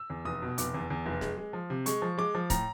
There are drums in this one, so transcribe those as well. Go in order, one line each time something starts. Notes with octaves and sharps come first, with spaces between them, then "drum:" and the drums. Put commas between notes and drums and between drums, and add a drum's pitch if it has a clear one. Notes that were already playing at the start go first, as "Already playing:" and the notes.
Already playing: E6
E2
F1 D#6
B2
F1 D6, drum: hi-hat
E2
E2
F1
G#3, drum: snare
G#3
F3
C3
G#3 C#6, drum: hi-hat
F3
G#3 D6
F3
A2 A#5, drum: kick C#1, hi-hat